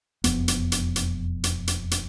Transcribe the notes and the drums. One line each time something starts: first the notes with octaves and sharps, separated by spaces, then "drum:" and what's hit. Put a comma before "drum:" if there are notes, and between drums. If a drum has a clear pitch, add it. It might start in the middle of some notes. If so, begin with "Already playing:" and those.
E1 F2 B3, drum: hi-hat
drum: hi-hat
drum: hi-hat
drum: hi-hat
drum: hi-hat
drum: hi-hat
drum: hi-hat